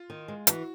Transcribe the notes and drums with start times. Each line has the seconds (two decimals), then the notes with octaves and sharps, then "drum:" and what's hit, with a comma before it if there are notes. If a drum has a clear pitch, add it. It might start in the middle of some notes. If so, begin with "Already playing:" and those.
Already playing: F4
0.10 D#3
0.28 G#3
0.47 E3 F#4, drum: hi-hat